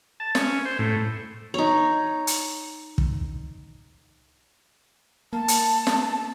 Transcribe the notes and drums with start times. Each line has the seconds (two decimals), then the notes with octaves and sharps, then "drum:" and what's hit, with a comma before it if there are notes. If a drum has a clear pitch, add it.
0.20 A5
0.35 C#4, drum: snare
0.65 C5
0.79 A2
1.54 D#4 C#5
2.27 drum: hi-hat
2.98 drum: kick
5.33 A#3 A5
5.48 drum: hi-hat
5.87 drum: snare